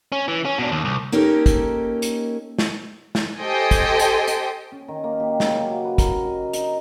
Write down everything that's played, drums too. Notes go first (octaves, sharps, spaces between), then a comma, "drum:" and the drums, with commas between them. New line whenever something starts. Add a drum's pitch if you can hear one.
C#4
E3
C#4
B2 D4
D#2
C2
A#3 C#4 D#4 G4 A4 A#4
drum: kick, hi-hat
drum: hi-hat
drum: snare
drum: snare
G4 A4 C5 D#5 G5 G#5
drum: kick, hi-hat
drum: hi-hat
drum: hi-hat
C#4
D#3
A#3
G4
C#3, drum: snare
F#3
B4
A#4, drum: kick, hi-hat
D#5
D#4, drum: hi-hat